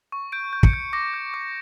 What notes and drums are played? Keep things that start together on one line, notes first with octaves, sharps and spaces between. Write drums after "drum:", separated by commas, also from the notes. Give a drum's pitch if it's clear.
C#6
G6 D7
G6
C#7, drum: kick
G6
D6 A#6
G6
D6